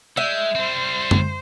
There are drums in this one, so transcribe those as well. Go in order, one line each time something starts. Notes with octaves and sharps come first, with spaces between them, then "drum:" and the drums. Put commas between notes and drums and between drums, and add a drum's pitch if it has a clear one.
G#3 E5 G6
G3 C4 C5
drum: tom